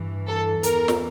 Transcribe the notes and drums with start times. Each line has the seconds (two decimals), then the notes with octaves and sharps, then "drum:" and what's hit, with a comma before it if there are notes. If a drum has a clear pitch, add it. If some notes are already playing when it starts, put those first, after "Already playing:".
Already playing: G2 E3
0.27 A4
0.63 E2 E3 A#4, drum: hi-hat
0.88 drum: snare